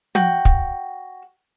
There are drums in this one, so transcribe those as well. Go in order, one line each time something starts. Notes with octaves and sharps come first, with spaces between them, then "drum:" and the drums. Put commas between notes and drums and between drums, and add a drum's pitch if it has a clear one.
F#4 G5, drum: tom
drum: kick